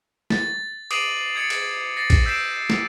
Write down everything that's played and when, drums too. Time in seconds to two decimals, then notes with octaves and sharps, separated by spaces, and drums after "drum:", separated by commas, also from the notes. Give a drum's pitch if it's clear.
0.30 A6, drum: snare
0.91 D6 D#6 C7 D7 D#7 F#7, drum: cymbal
1.35 D#6 G#6 A6 C7 C#7
1.50 drum: cymbal
1.97 A6 A#6 C7
2.10 drum: kick, cymbal
2.26 E6 G6 B6 C7 D7 E7
2.70 drum: snare